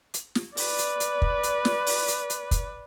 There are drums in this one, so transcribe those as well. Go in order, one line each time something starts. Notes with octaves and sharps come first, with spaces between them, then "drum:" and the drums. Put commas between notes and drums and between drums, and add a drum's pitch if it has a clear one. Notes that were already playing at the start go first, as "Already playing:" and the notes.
drum: hi-hat
drum: snare
B4 D5, drum: open hi-hat
drum: hi-hat
drum: hi-hat
drum: kick
drum: hi-hat
drum: snare
drum: open hi-hat
drum: hi-hat
drum: hi-hat
drum: kick, hi-hat